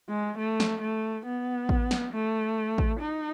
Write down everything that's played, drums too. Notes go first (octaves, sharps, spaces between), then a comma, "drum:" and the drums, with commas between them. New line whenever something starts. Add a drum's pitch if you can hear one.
G#3
A3
drum: snare
A3
B3
drum: kick A1
drum: snare
A3
drum: kick A1
D#4